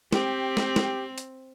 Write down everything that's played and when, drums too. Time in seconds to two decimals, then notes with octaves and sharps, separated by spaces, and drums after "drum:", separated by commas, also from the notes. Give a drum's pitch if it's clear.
0.13 C4 G4, drum: snare
0.57 drum: snare
0.76 drum: snare
1.18 drum: hi-hat